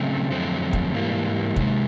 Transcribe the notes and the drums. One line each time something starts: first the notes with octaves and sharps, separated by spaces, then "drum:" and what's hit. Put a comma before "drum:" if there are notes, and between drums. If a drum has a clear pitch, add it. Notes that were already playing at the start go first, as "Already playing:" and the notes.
Already playing: C#3 F#3 A3 C4
F2 D3 F#3 A3 C4
drum: kick
G#2 E3 G3 A#3
C3 D#3 G#3, drum: kick